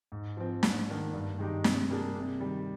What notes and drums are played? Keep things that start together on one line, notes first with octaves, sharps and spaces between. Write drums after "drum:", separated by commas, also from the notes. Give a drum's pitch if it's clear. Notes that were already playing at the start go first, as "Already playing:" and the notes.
G#2
F3 C4
G#2, drum: snare
D#3 A#3 D4
G2
D#3 G#3 D#4 G4
C3, drum: snare
G3 A#3 D4 G#4
C3
D#3 G3